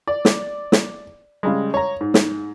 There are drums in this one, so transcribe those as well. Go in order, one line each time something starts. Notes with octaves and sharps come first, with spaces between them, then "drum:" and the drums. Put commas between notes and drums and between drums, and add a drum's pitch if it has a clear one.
D5
drum: snare
drum: snare
C#3 G3 G#3
C#5 A#5
G#2
drum: snare